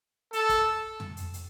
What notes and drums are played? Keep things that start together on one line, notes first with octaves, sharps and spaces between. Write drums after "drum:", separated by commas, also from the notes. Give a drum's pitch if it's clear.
A4, drum: hi-hat
drum: kick, hi-hat
drum: tom
drum: hi-hat
drum: hi-hat